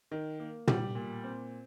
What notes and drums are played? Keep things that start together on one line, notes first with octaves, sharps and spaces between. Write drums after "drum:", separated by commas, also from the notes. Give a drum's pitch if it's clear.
D#3
A#3
G3, drum: tom
A#2
C4